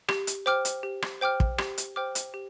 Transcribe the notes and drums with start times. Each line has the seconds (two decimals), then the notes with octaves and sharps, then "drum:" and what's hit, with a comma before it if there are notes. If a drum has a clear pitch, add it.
0.09 G4, drum: rim click
0.27 drum: hi-hat
0.46 C5 G5 D6 F6
0.65 drum: hi-hat
0.83 G4
1.02 drum: rim click
1.21 C5 G5 D6 F6
1.40 drum: kick
1.58 G4, drum: rim click
1.78 drum: hi-hat
1.96 C5 G5 D6 F6
2.15 drum: hi-hat
2.34 G4